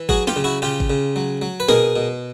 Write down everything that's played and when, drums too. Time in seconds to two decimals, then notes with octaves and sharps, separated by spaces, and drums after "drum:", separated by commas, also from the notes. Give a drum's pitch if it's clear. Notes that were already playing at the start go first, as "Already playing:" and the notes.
Already playing: E3
0.09 F#3 F#4 G#4, drum: kick G#1
0.27 F4 G4, drum: snare
0.36 C#3
0.44 E4 F#4
0.62 C#3 F4 G4
0.80 drum: kick G#1
0.90 C#3
1.16 F#3
1.42 F#3
1.60 B4
1.69 B2 G#4 A#4, drum: snare
1.96 B2